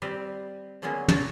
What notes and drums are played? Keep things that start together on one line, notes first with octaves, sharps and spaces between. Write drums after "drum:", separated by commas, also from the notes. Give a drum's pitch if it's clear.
G3 C4 B4
D3 F#3 G#3 A#3 B3 C#4
D4 F4 F#4 A4 C#5, drum: tom